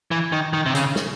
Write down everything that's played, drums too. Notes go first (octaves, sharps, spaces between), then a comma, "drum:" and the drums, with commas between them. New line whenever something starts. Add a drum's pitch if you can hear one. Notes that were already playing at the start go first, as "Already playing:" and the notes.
E3
D#3
D#3
C3
C#3, drum: hi-hat
drum: snare